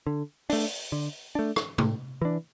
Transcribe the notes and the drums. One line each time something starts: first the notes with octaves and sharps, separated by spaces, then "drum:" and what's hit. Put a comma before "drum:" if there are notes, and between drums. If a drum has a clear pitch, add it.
D3
A3 D4, drum: open hi-hat
D3
A3 D4
drum: rim click
A2, drum: tom C3
E3 D4